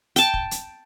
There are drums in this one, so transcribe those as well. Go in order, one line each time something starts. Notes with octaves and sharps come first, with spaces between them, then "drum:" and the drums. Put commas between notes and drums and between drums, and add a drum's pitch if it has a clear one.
G5 A5, drum: hi-hat
drum: kick
drum: hi-hat